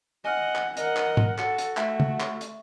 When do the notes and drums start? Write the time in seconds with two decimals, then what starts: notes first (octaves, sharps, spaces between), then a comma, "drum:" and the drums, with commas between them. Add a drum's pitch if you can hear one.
0.25 D#5 F#5 G#5 F6
0.55 drum: clap
0.77 A#4 D#5 F#5, drum: hi-hat
0.97 drum: clap
1.17 drum: tom
1.38 F#4 A4 F#5 C#7, drum: clap
1.58 drum: hi-hat
1.77 A3 E5, drum: clap
2.00 drum: tom
2.20 C#6, drum: clap
2.41 drum: hi-hat